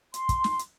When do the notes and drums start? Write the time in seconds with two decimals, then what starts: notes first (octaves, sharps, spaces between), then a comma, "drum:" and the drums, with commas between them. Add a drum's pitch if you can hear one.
0.14 C6, drum: hi-hat
0.29 drum: kick, hi-hat
0.44 drum: snare
0.59 drum: hi-hat